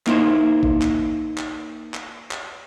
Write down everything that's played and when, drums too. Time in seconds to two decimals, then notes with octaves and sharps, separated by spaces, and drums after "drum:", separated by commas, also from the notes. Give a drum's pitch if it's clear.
0.07 A#3 D#4 E4 C5, drum: clap
0.63 drum: kick A1
0.82 drum: clap
1.38 drum: clap
1.94 drum: clap
2.31 drum: clap